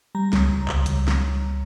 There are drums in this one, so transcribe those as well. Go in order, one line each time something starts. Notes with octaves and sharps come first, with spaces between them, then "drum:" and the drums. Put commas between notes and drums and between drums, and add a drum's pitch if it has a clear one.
G3 A#5
C#2, drum: snare
C#2
C#2, drum: clap
C#2, drum: hi-hat
drum: snare